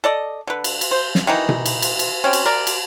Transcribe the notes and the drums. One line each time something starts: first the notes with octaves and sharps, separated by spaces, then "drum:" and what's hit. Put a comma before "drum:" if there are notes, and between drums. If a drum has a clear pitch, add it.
A4 D5 D#5
D3 B4
drum: cymbal
drum: cymbal
C5
drum: snare
D#3 E3 D#4
drum: tom B2
drum: cymbal
drum: cymbal
drum: cymbal
C4 C#4
drum: cymbal
A#4 D5
drum: cymbal